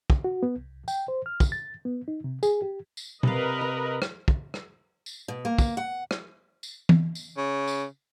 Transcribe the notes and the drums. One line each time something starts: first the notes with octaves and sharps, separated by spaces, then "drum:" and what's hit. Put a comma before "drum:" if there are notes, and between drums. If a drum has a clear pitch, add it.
drum: kick
F#4
B3
C2
G5, drum: tambourine
C5
F6
drum: kick, tambourine
A6
B3
D#4
C3
G#4, drum: tambourine
G4
drum: tambourine
C3 A#4 B4 D5 D#5 F5, drum: tom
A#5
drum: rim click
drum: kick
drum: rim click
drum: tambourine
B2
A#3
drum: kick, tambourine
F#5
drum: rim click
drum: tambourine
drum: tom E3
drum: tambourine
C#3
drum: tambourine